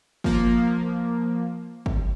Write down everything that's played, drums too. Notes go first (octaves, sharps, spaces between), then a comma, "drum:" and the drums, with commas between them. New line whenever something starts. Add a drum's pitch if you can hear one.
F3 A#3, drum: kick
drum: kick